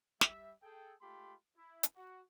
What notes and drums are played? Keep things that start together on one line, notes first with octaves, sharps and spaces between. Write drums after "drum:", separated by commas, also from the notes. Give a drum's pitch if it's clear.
G3 E5, drum: snare
G#4 A4 G5
G#3 A3 F4 G4 B5 C6
E4
drum: hi-hat
F#4